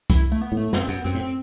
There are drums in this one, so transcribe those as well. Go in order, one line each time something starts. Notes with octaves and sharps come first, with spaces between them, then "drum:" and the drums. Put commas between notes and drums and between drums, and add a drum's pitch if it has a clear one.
E4, drum: kick C2, hi-hat
A3
B3
A2
A3
F#2 C4, drum: snare
F#2 B3
F#2 C4
A2
C4